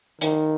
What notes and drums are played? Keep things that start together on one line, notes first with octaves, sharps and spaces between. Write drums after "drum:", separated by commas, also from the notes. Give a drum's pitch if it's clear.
D#3, drum: hi-hat